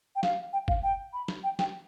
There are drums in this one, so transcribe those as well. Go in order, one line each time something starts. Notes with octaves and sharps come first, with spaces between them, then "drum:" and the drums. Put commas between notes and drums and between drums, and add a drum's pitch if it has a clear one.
G5
F5, drum: snare
G5
F5, drum: kick G1
G5
B5
drum: snare
G5
G5, drum: snare